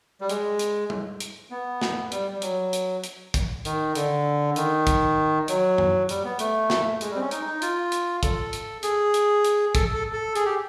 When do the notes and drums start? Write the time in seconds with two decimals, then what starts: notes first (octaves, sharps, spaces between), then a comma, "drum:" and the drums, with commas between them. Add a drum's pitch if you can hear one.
0.21 G3
0.29 G#3, drum: hi-hat
0.59 drum: hi-hat
0.90 drum: tom G3
1.20 drum: hi-hat
1.51 B3
1.81 drum: snare
2.12 G3, drum: hi-hat
2.31 G3
2.42 F#3, drum: hi-hat
2.73 drum: hi-hat
3.04 drum: hi-hat
3.34 drum: kick, hi-hat
3.65 D#3, drum: hi-hat
3.95 D3, drum: hi-hat
4.56 D#3, drum: hi-hat
4.87 drum: kick, hi-hat
5.48 F#3, drum: hi-hat
5.78 drum: tom F#2
6.09 G3, drum: hi-hat
6.24 B3
6.39 A3, drum: hi-hat
6.70 drum: snare
7.01 G#3, drum: hi-hat
7.10 G3
7.16 C4
7.21 C#4
7.31 D#4, drum: hi-hat
7.46 D#4
7.62 F4, drum: hi-hat
7.92 drum: hi-hat
8.23 A4, drum: kick, hi-hat
8.53 drum: hi-hat
8.83 G#4, drum: hi-hat
9.14 drum: hi-hat
9.45 drum: hi-hat
9.75 A4, drum: kick, hi-hat
9.94 A4
10.13 A4
10.35 G#4, drum: hi-hat
10.46 G4